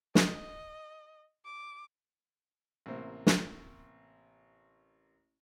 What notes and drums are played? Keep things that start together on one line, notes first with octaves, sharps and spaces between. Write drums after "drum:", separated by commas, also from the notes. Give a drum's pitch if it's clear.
D#5, drum: snare
D6
A1 C3 A#3 C5
drum: snare